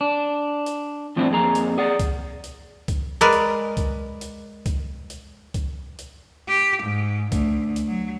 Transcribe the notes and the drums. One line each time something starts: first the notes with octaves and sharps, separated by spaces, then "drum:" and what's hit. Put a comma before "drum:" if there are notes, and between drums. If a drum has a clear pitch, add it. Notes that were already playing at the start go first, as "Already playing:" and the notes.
D4
drum: hi-hat
A2 F3 C4 D4 E4
F2 A#3 G#4 A#5
drum: hi-hat
G#4 D5 F#5
drum: kick C#2, hi-hat
drum: hi-hat
drum: kick C#2, hi-hat
G#3 A#4 B4 D5
drum: hi-hat
drum: kick C#2, hi-hat
drum: hi-hat
drum: kick C#2, hi-hat
drum: hi-hat
drum: kick C#2, hi-hat
drum: hi-hat
G4
G#2
D2, drum: kick C#2, hi-hat
drum: hi-hat
F#3